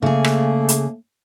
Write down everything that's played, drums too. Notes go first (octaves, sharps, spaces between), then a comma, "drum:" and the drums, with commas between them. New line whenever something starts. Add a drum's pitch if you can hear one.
C#3 A3 A#3 G#4
drum: rim click
drum: hi-hat